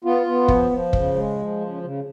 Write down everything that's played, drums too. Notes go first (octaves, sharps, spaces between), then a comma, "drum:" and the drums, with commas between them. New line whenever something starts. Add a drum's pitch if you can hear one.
B3 F4
B3
F3, drum: kick
F3
C#3, drum: kick
G#3
F3
C#3
C#3